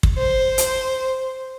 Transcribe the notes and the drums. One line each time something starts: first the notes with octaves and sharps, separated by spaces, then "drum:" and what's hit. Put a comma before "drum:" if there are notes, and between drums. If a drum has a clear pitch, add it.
drum: kick
C5
drum: hi-hat